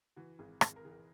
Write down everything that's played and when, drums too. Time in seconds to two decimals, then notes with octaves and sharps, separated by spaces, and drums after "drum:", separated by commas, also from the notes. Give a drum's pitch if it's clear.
0.16 E3 F#4
0.39 G#1 G#4
0.61 G#1 G#4, drum: rim click
0.76 A#4
0.85 E3 G#4
0.91 A#4